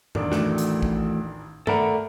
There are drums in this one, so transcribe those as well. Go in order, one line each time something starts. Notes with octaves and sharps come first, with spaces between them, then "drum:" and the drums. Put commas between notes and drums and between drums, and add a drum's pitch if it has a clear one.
A1 D#3 D4, drum: tom F2
E3 A3 F#4, drum: snare
drum: hi-hat
drum: kick A1
A3 A4 A#4 D5 F#5 B5, drum: tom G2